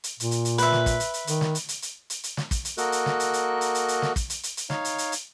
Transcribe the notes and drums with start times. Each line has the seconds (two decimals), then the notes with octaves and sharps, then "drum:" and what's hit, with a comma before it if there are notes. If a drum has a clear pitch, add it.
0.04 drum: hi-hat
0.20 A#2, drum: hi-hat
0.31 drum: hi-hat
0.45 drum: hi-hat
0.58 B4 E5, drum: hi-hat
0.72 drum: snare
0.86 drum: kick, hi-hat
1.00 drum: hi-hat
1.14 drum: hi-hat
1.27 D#3, drum: hi-hat
1.41 drum: snare
1.55 drum: hi-hat
1.69 drum: hi-hat
1.82 drum: hi-hat
2.10 drum: hi-hat
2.24 drum: hi-hat
2.37 drum: snare
2.51 drum: kick, hi-hat
2.65 drum: hi-hat
2.78 A#3 F#4 A4 A#4 D#5 F#6, drum: hi-hat
2.92 drum: hi-hat
3.06 drum: snare
3.20 drum: hi-hat
3.33 drum: hi-hat
3.61 drum: hi-hat
3.75 drum: hi-hat
3.88 drum: hi-hat
4.02 drum: snare
4.16 drum: kick, hi-hat
4.30 drum: hi-hat
4.43 drum: hi-hat
4.57 drum: hi-hat
4.70 D#4 C#5 F5, drum: snare
4.85 drum: hi-hat
4.98 drum: hi-hat
5.12 drum: hi-hat